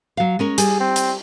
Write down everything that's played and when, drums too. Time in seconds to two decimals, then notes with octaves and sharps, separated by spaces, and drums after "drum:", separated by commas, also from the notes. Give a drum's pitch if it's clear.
0.17 F#3 F5
0.39 G#3 C#4 A#4
0.58 G3 G#4, drum: hi-hat
0.80 C4
0.96 drum: hi-hat